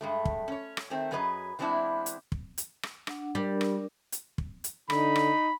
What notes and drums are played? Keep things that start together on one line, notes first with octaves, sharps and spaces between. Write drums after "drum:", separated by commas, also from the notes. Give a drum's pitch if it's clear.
G2 G#3 A3
drum: kick
C#4 C#5
drum: rim click
D#3 A3 C4
F#2 F#3 G#4 B4 D#5 A#5
E3 G#3 B3 C4 D4 E4
drum: hi-hat
drum: kick
drum: hi-hat
drum: rim click
D4 F#5, drum: rim click
G3 D4 A#4
drum: rim click
drum: hi-hat
drum: kick
drum: hi-hat
D3 D#4 B5, drum: rim click
drum: rim click